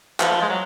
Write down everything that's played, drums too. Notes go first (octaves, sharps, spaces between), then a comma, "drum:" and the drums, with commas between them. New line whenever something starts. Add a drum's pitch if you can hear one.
F3, drum: clap
G#3
F#3